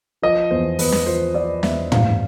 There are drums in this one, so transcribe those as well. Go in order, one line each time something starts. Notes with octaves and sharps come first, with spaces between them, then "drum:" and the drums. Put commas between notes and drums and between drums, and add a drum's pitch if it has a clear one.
F3 D#5
E2 C5
E2 B4, drum: open hi-hat
drum: snare
F3 C5
F3 D5
E2 E5, drum: snare
G2 F5, drum: tom